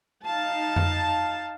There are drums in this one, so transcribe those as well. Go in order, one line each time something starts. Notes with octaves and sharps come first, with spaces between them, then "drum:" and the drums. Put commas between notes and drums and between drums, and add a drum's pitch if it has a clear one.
D#4 F5 A5
drum: tom F2